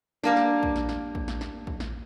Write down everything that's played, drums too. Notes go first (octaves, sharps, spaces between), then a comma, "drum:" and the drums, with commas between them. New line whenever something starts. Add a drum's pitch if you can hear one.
G3 A#3 D4, drum: snare
drum: snare
drum: kick
drum: snare
drum: snare
drum: kick
drum: snare
drum: snare
drum: kick
drum: snare